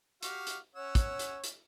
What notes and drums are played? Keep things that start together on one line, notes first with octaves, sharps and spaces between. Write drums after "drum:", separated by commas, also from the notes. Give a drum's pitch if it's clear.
F#4 G4 F5, drum: hi-hat
drum: hi-hat
C#4 C#5 F#5 E6
drum: kick, hi-hat
drum: hi-hat
drum: hi-hat